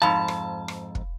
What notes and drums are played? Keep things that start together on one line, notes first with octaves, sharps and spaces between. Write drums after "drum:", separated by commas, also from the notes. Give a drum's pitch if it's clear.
F2 G#2 F5 A5 B5
drum: rim click
drum: rim click
drum: kick